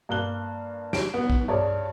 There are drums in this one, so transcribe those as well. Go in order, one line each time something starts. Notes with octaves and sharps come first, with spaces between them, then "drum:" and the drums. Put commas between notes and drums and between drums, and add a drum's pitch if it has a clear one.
G2 A#3 F#6 G7
D7, drum: snare
B3
drum: kick
G2 G#4 C#5 D5 A5